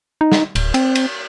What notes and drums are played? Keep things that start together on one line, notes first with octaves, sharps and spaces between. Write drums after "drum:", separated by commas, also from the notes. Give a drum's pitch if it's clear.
D#4
drum: snare
D1, drum: cymbal
C4, drum: cymbal
drum: cymbal